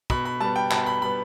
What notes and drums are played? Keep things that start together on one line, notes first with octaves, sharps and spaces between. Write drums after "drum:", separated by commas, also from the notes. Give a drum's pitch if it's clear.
B2 B5, drum: kick
B5
G3 B3 A5
G5
B2 A5, drum: clap
B5
G3 B3 B5